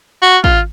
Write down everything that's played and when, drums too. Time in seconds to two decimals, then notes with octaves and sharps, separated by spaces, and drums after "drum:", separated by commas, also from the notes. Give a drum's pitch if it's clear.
0.22 F#4
0.44 F4, drum: kick